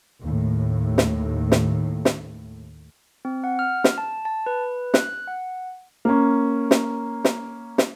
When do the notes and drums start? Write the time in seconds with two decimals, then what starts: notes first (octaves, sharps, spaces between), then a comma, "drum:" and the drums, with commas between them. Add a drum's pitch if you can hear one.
0.23 D#2 A2
0.98 drum: snare
1.52 drum: snare
2.05 drum: snare
3.25 C4
3.44 F#5
3.59 F6
3.84 drum: snare
3.98 A5
4.25 A5
4.46 B4
4.94 F#6, drum: snare
5.28 F#5
6.05 A#3 C#4
6.71 drum: snare
7.25 drum: snare
7.78 drum: snare